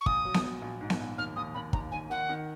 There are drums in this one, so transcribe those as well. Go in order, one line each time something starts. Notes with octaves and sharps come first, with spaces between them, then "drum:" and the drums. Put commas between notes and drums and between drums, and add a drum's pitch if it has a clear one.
C#6
A#1 D#6, drum: kick
F#3
drum: snare B3
F#3
A#1
G#2
drum: snare B3
A#1
D#2 F6
D#2 D#6
D#2 B5
D#2 A#5, drum: kick
D#2 G#5
D#3 F#5
D#3